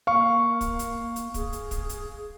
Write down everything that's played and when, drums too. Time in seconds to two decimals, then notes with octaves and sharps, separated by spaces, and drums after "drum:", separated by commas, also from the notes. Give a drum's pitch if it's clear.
0.07 A#3 F5 C#6
0.61 drum: kick, hi-hat
0.79 drum: hi-hat
1.16 drum: hi-hat
1.34 G#4, drum: kick, hi-hat
1.53 drum: hi-hat
1.71 drum: kick, hi-hat
1.89 drum: hi-hat